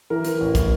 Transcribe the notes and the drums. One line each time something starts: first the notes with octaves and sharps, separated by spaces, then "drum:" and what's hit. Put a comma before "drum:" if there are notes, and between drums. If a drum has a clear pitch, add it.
E3 A#4
E3, drum: hi-hat
A1
E3, drum: kick, hi-hat